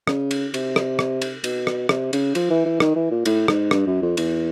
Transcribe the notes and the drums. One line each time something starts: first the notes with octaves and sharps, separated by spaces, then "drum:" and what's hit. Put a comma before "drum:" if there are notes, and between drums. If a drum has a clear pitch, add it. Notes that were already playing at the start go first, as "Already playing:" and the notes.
C#3, drum: rim click
drum: cymbal
C3, drum: cymbal
drum: rim click
drum: rim click
drum: cymbal
B2, drum: cymbal
drum: rim click
C3, drum: rim click
C#3, drum: cymbal
F3, drum: cymbal
E3
E3
D#3, drum: rim click
E3
A#2
A2, drum: cymbal
G#2, drum: rim click
G2, drum: rim click
F#2
F2
E2, drum: cymbal